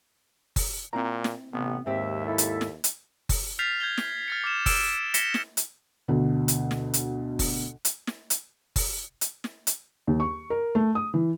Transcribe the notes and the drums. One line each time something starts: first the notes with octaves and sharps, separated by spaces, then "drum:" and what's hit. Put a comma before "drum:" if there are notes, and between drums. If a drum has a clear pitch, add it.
drum: kick F#1, open hi-hat
A#2 C4 E4 A#5
drum: snare
A1 C3 B3 C4
D#2 G#2 C4 G4 E5
E4 A4 E5
drum: hi-hat
drum: snare
drum: hi-hat
drum: kick F#1, open hi-hat
F6 G6 A6 B6 C7 F7
G6 G#6 F7 G7
drum: snare
F6 A6 C#7
D6 F6 E7
E6 D7 E7, drum: kick F#1, open hi-hat
A#6 B6 C#7 E7 G7, drum: hi-hat
drum: snare
drum: hi-hat
D2 B2
drum: hi-hat
drum: snare
drum: hi-hat
drum: kick F#1, open hi-hat
drum: hi-hat
drum: snare
drum: hi-hat
drum: kick F#1, open hi-hat
drum: hi-hat
drum: snare
drum: hi-hat
D#2
C#6
A#4
A3
D#6
E3